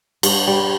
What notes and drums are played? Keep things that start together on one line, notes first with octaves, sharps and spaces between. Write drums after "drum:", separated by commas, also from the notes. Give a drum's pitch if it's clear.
G2, drum: cymbal
G3